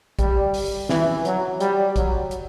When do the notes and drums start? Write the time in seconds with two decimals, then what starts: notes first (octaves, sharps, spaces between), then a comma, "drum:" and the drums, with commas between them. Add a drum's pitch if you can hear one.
0.19 G3, drum: kick, hi-hat
0.54 drum: open hi-hat
0.89 E3, drum: snare
1.25 F#3, drum: hi-hat
1.60 G3, drum: hi-hat
1.96 F#3, drum: kick, hi-hat
2.31 drum: hi-hat